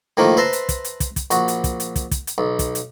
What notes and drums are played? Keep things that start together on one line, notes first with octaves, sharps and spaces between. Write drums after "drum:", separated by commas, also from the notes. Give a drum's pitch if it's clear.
A2 D#3 F3 A#3
B4 C5 E5 A5 A#5 C6
drum: hi-hat
drum: kick, hi-hat
drum: hi-hat
drum: kick, hi-hat
drum: kick, hi-hat
A#1 F#4, drum: hi-hat
drum: hi-hat
drum: kick, hi-hat
drum: hi-hat
drum: kick, hi-hat
drum: kick, hi-hat
drum: hi-hat
B1
drum: kick, hi-hat
drum: hi-hat